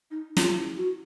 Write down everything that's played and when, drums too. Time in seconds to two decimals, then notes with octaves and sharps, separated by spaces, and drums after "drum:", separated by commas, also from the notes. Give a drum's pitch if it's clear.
0.11 D#4
0.37 F4, drum: snare
0.57 E4
0.77 F#4